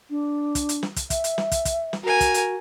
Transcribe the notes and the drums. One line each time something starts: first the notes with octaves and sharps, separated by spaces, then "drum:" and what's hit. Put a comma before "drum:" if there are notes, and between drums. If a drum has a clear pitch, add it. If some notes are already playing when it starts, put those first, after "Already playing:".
D4
drum: kick, hi-hat
drum: hi-hat
drum: snare
drum: kick, hi-hat
E5, drum: kick, hi-hat
drum: hi-hat
drum: snare
drum: kick, hi-hat
drum: kick, hi-hat
drum: snare
F#4 A#4 G#5
drum: kick, hi-hat
drum: hi-hat